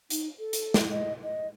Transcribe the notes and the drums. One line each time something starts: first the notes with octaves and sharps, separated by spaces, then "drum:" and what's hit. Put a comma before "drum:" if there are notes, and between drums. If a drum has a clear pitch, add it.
D#4, drum: hi-hat
A4
drum: hi-hat
drum: snare
D#5
D#5